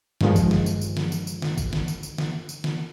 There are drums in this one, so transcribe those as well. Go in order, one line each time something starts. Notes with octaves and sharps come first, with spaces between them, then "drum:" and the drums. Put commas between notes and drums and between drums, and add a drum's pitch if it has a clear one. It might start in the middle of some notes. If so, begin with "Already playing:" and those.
G2 D#3 F3 G#3, drum: snare
drum: kick G#1, tambourine
drum: snare
drum: tambourine
drum: tambourine
drum: snare
drum: tambourine
drum: tambourine
drum: snare
drum: kick G#1, tambourine
drum: snare
drum: tambourine
drum: tambourine
drum: snare
drum: tambourine
drum: snare